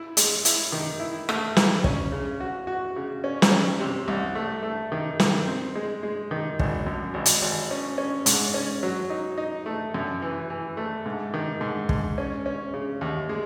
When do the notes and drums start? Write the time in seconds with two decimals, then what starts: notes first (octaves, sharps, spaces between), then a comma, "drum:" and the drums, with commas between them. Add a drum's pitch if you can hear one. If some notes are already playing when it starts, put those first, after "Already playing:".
Already playing: E4
0.17 G#3, drum: hi-hat
0.45 E4, drum: hi-hat
0.72 D#3
1.00 E4
1.29 A3, drum: rim click
1.57 E4, drum: snare
1.84 C#4, drum: kick
2.12 C#3
2.40 F#4
2.67 F#4
2.96 C#3
3.24 C#4
3.42 drum: snare
3.52 C#4
3.80 C3
4.08 C2
4.35 A3
4.63 A3
4.92 D#3
5.20 D#3, drum: snare
5.47 C4
5.75 G#3
6.03 G#3
6.31 D#3
6.59 G#1, drum: kick
6.87 F#2
7.14 G#1
7.26 drum: hi-hat
7.42 G#1
7.71 C#4
7.98 C#4
8.26 G#2, drum: hi-hat
8.54 C#4
8.83 F#3
9.10 D#4
9.38 D#4
9.66 A3
9.94 F#2
10.22 E3
10.50 E3
10.77 A3
11.06 G#2
11.34 D#3
11.61 G#2
11.89 G#2, drum: kick
12.18 C#4
12.46 C#4
12.74 C#3
13.01 D#2
13.29 G#3